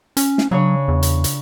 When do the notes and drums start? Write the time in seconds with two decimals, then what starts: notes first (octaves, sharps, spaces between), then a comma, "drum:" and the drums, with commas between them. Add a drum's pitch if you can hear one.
0.17 C#4, drum: hi-hat
0.38 drum: snare
0.51 C#3 F#3 D4 C#5
0.88 E2
1.03 drum: hi-hat
1.24 drum: hi-hat